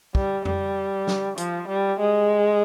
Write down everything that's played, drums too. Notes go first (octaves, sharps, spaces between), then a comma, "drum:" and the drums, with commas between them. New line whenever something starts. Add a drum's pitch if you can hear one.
G3, drum: kick
G3, drum: tom F2
drum: snare
F3, drum: hi-hat
G3
G#3